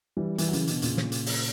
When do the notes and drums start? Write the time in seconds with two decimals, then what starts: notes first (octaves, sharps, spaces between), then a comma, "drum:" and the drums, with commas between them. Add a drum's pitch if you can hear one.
0.17 E3 G3
0.38 E3 G3, drum: hi-hat
0.49 F#3
0.53 C#3 E3, drum: hi-hat
0.67 B2 D3, drum: hi-hat
0.82 A#2 C#3, drum: hi-hat
0.97 drum: snare
1.12 drum: hi-hat
1.26 drum: open hi-hat